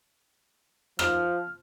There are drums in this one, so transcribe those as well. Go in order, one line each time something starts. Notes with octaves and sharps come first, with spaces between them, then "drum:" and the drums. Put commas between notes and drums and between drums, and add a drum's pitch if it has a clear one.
F3 F6, drum: rim click